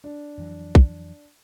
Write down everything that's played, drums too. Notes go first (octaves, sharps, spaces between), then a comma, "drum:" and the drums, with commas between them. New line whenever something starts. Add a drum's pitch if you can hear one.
D4
F2 E3 F#3
drum: kick